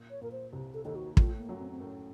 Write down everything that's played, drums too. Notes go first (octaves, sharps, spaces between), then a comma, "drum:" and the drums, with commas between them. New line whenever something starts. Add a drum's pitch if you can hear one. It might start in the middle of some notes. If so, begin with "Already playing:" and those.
Already playing: A#2
C#5
A#2 A#4
C5
C2 C3
A4
D#2 D#3 A4
F#4
A2 A3 F4, drum: kick
A#3
F#2 F#3
C4
C4
A2 A3 C#4